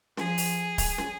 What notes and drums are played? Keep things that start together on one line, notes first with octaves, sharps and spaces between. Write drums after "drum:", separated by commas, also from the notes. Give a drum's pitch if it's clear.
F3 G#4, drum: snare
drum: open hi-hat
drum: kick D1, open hi-hat
drum: snare